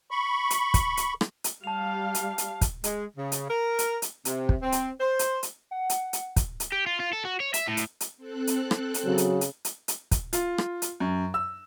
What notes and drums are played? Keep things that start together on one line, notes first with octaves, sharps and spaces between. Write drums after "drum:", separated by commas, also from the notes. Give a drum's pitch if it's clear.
B5 C#6
drum: hi-hat
drum: kick, hi-hat
drum: hi-hat
drum: rim click
drum: hi-hat
G3 F5 A5 F7
drum: hi-hat
drum: hi-hat
drum: kick, hi-hat
G#3, drum: hi-hat
C#3
drum: hi-hat
A#4
drum: hi-hat
drum: hi-hat
C3, drum: hi-hat
drum: kick
C4
drum: hi-hat
C5
drum: hi-hat
drum: hi-hat
F#5
drum: hi-hat
drum: hi-hat
drum: kick, hi-hat
drum: hi-hat
G4
F4
F4
A4
F#4
C#5
E5, drum: hi-hat
A2
drum: hi-hat
drum: hi-hat
C4 A4 F#6
drum: hi-hat
drum: rim click
drum: hi-hat
C#3 F#3
drum: hi-hat
drum: hi-hat
drum: hi-hat
drum: hi-hat
drum: kick, hi-hat
F4, drum: hi-hat
drum: rim click
drum: hi-hat
F#2
E6